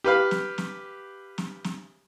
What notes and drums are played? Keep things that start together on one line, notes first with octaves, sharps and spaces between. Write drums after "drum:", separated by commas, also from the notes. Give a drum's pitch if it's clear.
G4 B4 F5
drum: snare
drum: snare
drum: snare
drum: snare